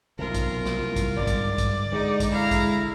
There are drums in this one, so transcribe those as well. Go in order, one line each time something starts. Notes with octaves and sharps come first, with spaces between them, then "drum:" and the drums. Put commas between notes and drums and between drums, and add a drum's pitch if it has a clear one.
B1 C3 F4 A#4
drum: kick, hi-hat
drum: snare
C2
drum: kick, hi-hat
G1 G#2 D5
drum: kick, hi-hat
drum: kick, hi-hat
D3 G#3 D#4
drum: kick, hi-hat
E4 F5 A#5
drum: kick, hi-hat